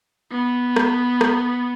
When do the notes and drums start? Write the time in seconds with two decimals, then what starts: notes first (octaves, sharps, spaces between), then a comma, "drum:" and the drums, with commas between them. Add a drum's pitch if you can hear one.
0.32 B3
0.76 drum: rim click
1.21 drum: rim click